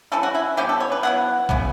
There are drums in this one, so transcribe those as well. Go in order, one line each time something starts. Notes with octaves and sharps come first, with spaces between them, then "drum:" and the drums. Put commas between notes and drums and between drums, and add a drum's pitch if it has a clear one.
E3 G3 C#4 E4 A4
F#4
E4
B2 G3 C#4 E4 G4
A4
C#5
B4
F#3 B3 E4 F#5
C#3 E3 B3, drum: kick A#1